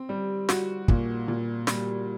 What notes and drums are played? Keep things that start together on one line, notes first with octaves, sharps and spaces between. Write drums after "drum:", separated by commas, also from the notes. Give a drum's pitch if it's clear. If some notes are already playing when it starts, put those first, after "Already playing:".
Already playing: C4
G3
F#4, drum: snare
A#2, drum: kick
A#2
G3, drum: snare